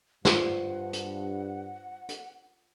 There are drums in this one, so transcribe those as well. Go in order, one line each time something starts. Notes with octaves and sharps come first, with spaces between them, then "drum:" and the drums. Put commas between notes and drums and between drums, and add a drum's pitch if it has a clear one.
G2 F4 C5 F#5, drum: snare
drum: hi-hat
drum: hi-hat